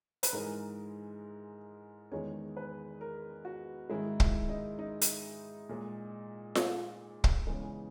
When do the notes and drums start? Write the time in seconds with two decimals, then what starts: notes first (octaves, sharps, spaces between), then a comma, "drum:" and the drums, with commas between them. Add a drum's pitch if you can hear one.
0.23 B4, drum: hi-hat
0.33 G#2 E3 G#3 A#4
2.11 E2 D#3 G#3 C#5
2.57 B4
3.01 A#4
3.45 F#4
3.90 G#2 D#3 G#3 E4
4.20 E4, drum: kick
4.49 D#4
4.79 D#4
5.01 drum: hi-hat
5.69 A#2 G#3
6.55 drum: snare F4
7.24 drum: kick
7.47 E2 C#3 E3 G#3